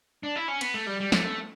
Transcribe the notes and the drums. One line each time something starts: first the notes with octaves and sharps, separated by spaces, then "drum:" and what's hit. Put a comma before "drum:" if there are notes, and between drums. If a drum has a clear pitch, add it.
D4
E4
C#4
B3, drum: cymbal
A3
G3
G3
A3, drum: snare